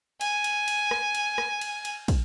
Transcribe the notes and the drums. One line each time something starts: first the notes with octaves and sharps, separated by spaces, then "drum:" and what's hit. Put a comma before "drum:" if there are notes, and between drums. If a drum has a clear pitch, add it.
G#5, drum: cymbal
drum: cymbal
drum: cymbal
drum: rim click
drum: cymbal
drum: rim click
drum: cymbal
drum: cymbal
drum: kick, cymbal